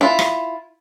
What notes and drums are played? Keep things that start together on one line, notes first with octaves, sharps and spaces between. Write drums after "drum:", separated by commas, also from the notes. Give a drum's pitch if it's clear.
E4 F4
drum: rim click